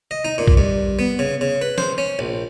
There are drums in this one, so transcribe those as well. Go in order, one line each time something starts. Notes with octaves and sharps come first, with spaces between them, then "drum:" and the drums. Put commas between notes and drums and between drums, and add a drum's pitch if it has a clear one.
D#5
D#4
A#2
drum: kick
G2
B3
C#3
C#3
B4
C5, drum: snare
C#4
A#1